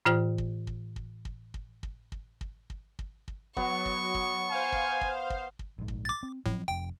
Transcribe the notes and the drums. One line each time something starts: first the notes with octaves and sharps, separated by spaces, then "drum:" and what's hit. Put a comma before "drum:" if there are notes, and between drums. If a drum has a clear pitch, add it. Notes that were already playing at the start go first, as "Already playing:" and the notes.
A2 E3 F4 C5 G5 F6
drum: kick
drum: kick
drum: kick
drum: kick
drum: kick
drum: kick
drum: kick
drum: kick
drum: kick
drum: kick
drum: kick
F#3 B3 C#6, drum: kick
drum: kick
drum: kick
C5 F5 G#5
drum: kick
drum: kick
drum: kick
drum: kick
A#1 G#2
drum: kick
D6 A6
C4
A2 F3 F#3 C4, drum: kick
F1 F2 G5